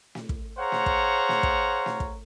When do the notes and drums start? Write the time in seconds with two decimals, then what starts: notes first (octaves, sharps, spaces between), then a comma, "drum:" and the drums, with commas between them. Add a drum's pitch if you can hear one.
0.15 drum: snare
0.29 drum: kick
0.58 G#4 C5 C#5 F5 F#5 A#5
0.72 drum: snare
0.86 drum: kick
1.29 drum: snare
1.43 drum: kick
1.86 drum: snare
2.00 drum: kick